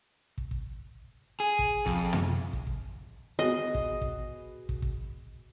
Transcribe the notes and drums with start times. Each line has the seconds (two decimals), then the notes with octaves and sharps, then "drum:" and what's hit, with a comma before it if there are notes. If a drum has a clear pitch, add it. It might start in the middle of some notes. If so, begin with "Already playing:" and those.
0.38 drum: kick
0.51 drum: kick
1.40 G#4
1.59 drum: kick
1.86 F2, drum: kick
2.13 drum: tom
2.53 drum: kick
2.67 drum: kick
3.39 B3 F#4 G#4 D#5
3.75 drum: kick
4.01 drum: kick
4.69 drum: kick
4.82 drum: kick